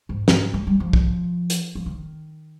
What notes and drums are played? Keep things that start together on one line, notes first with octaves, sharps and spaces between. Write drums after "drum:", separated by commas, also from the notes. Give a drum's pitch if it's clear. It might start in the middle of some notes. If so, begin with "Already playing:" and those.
G#2
G#2, drum: snare
G#3
G3
F3
drum: kick
drum: hi-hat
F3
D#3